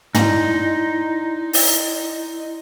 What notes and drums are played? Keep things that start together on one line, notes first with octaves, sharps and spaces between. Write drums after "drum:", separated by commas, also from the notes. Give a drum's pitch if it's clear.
D#4 E4 D5 C6, drum: tom
drum: open hi-hat